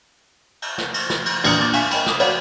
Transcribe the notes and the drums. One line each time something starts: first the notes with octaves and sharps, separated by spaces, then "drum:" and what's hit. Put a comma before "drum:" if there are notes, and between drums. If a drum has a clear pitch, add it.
drum: cymbal
drum: snare
drum: cymbal
drum: snare
drum: cymbal
A#1 E2 A#5 D#6 C#7, drum: cymbal
A#2 D4 D6 A6
E5 F5 G#5 C#6 B6, drum: cymbal
A#4 D#5 E5 G5 B5, drum: cymbal
D6 D#6, drum: snare
F#4 A#4 B4 C#5 D5 F5, drum: cymbal